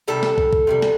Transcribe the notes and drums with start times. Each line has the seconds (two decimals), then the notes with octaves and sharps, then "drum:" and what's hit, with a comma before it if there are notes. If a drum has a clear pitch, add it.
0.08 C3 D#3 G3 A4
0.23 drum: snare
0.38 drum: kick
0.53 drum: kick
0.67 C3 D#3 G3
0.82 drum: snare